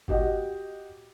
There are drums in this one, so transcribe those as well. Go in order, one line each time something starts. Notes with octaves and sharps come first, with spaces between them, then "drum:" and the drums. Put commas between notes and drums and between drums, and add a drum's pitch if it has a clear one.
F#4 G4 D#5 F#5, drum: kick F#1